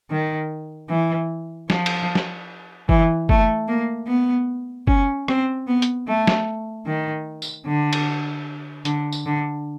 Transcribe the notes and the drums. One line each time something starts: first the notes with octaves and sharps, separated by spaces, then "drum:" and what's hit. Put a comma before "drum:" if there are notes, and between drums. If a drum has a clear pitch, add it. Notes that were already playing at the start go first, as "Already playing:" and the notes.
D#3
E3
F3, drum: snare
drum: cymbal
drum: snare
E3, drum: kick F#1
A3, drum: kick F#1
A#3
B3
C#4, drum: kick F#1
C4, drum: rim click
B3
drum: hi-hat
A3
drum: snare
D#3
drum: tambourine
D3
drum: cymbal
D3, drum: hi-hat
drum: tambourine
D3